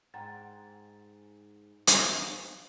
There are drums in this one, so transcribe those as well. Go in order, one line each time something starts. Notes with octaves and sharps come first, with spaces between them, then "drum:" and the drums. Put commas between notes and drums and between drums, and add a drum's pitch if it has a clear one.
G#2 F#5 G5 A#5 A6
drum: hi-hat